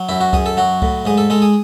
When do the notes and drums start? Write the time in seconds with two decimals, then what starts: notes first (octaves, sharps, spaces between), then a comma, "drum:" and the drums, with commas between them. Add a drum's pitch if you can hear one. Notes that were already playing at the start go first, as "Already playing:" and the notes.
Already playing: F#3
0.09 F#2 E4
0.21 F#4
0.33 F#2 G#4, drum: kick C2
0.46 A4
0.57 F#3 F#4
0.82 A2, drum: kick C2
1.05 G#2 G#4
1.18 A4
1.30 G#3 A4
1.42 G#4